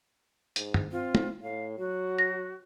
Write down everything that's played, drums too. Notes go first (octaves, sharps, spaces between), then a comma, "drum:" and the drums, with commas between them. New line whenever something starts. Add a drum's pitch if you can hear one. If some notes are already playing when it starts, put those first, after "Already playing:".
G#2, drum: hi-hat
drum: tom
C4 F4
drum: tom
A2 F5
F#3 F#4
A#6